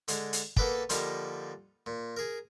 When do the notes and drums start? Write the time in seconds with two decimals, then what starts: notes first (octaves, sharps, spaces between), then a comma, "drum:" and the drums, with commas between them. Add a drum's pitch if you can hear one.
0.08 D3 G#3, drum: hi-hat
0.33 drum: hi-hat
0.56 A#3 B3 A4 B4 D5 G5, drum: kick
0.89 D3 F3 G3 A#3 D#4, drum: hi-hat
1.86 A#2
2.17 G#4 A#4